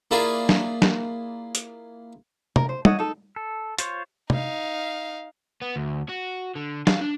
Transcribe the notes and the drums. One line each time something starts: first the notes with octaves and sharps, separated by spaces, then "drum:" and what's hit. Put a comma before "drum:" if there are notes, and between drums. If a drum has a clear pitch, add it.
A#3 E4 F4 G#4 D5
drum: snare
drum: snare
drum: hi-hat
A#4, drum: tom C3
C5
A4 C#5 D#5 F#5, drum: tom
D#4 A4
A4
F4 C5 C#5, drum: hi-hat
D#4 F5, drum: tom C3
B3
D2
F#4
D3
F5, drum: snare
D4